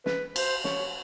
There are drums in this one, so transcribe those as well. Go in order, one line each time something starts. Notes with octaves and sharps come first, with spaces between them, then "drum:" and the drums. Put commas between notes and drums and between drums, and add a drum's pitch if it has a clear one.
B4, drum: snare
C5, drum: cymbal
C#5, drum: snare